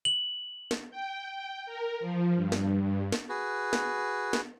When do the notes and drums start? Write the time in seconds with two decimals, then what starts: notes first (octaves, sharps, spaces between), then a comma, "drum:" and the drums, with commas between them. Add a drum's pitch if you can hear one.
0.05 F#7
0.71 drum: snare
0.91 G5
1.34 G5
1.66 A#4
2.00 F3
2.36 G2
2.52 drum: snare
2.82 G2
3.12 drum: snare
3.29 F#4 G#4 B4
3.73 drum: snare
4.33 drum: snare